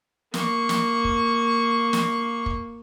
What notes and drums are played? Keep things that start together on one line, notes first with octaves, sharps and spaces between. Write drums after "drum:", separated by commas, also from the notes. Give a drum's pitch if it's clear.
A#3 C#6, drum: snare
drum: snare
drum: kick
drum: snare
drum: kick